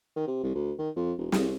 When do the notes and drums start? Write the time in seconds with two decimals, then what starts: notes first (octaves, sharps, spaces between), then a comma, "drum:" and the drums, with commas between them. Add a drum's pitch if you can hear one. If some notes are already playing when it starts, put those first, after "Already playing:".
0.16 D#3
0.28 C3
0.44 C2
0.55 D2
0.79 D#3
0.96 F2
1.18 E1
1.32 C2, drum: snare